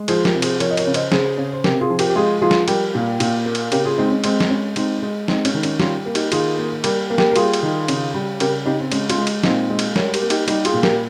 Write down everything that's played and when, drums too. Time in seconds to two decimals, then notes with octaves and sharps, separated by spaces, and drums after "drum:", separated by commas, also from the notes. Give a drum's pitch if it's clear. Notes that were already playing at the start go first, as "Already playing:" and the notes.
Already playing: G#3
0.08 F3 G#4 C5, drum: cymbal
0.25 G4 A#4, drum: snare
0.35 C3
0.42 G#4 C5, drum: cymbal
0.60 F3 A#4 C#5, drum: cymbal
0.71 D#5
0.77 A#4 C#5, drum: cymbal
0.87 C#3
0.94 C5 D#5, drum: cymbal
1.12 C#3 G#4 C5, drum: snare
1.38 C#3
1.53 C5
1.64 C3 G4 A#4, drum: snare
1.81 F4 G#4
1.90 F3
1.99 G4 A#4, drum: cymbal
2.10 G4
2.16 G#3 F4 G#4
2.42 F3 F4 G#4
2.51 drum: snare
2.68 G3 G4 A#4, drum: cymbal
2.95 A#2
3.20 A#2, drum: cymbal
3.46 A#3
3.55 drum: cymbal
3.72 C#3 G4 A#4, drum: cymbal
3.85 F4 G#4
3.98 G#3 C4 D#4
4.11 C#4
4.24 G#3 C4, drum: cymbal
4.40 C4, drum: snare
4.50 G#3 C#4
4.76 G#3 C4 D#4, drum: cymbal
5.03 G#3
5.28 G#3 C4 D#4, drum: snare
5.45 C#4, drum: cymbal
5.54 D#3
5.63 C#4, drum: cymbal
5.80 G3 C#4 F4, drum: snare
6.06 A#3
6.15 D#4 G4, drum: cymbal
6.32 D#3 F4 G#4, drum: cymbal
6.58 A#3
6.84 G3 G4 A#4, drum: cymbal
7.10 A#3
7.18 G4 A#4, drum: snare
7.32 A#4
7.36 G3 F4 G#4, drum: cymbal
7.53 drum: cymbal
7.63 D#3
7.88 C#3, drum: cymbal
8.14 G3
8.40 C#3 G4 A#4, drum: cymbal
8.66 C#3 D#4 G4
8.79 C4
8.92 G#3 C#4, drum: cymbal
9.10 C#4 F4, drum: cymbal
9.18 G#3
9.27 drum: cymbal
9.44 A#2 C4 D#4, drum: snare
9.70 G#3
9.79 drum: cymbal
9.96 G3 A#4 C#5, drum: snare
10.14 G4 A#4, drum: cymbal
10.22 A#3
10.30 D#4 G4, drum: cymbal
10.48 G3 D#4 G4, drum: cymbal
10.65 F4 G#4, drum: cymbal
10.74 A#2
10.83 G4 A#4, drum: snare